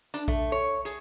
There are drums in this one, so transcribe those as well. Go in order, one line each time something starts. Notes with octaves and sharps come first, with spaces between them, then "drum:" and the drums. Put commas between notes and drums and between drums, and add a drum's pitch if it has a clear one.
D4, drum: hi-hat
A3, drum: kick A#1
C#5
G#4, drum: hi-hat